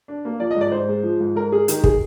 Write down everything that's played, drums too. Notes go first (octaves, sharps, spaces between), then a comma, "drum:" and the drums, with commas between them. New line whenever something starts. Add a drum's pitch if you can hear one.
D4
A#3
F3 D5
D#5
G#2 D5
G#2 C5
G#3
F3
G#2
G#2 A#4
G#3 G#4
D#3 G4, drum: hi-hat
G#4, drum: kick